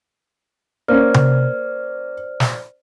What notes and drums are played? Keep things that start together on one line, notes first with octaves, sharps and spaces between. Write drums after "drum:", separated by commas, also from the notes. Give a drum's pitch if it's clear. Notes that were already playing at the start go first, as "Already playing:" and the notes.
A#3 C#4 C5 D5 F6
drum: tom C3
drum: snare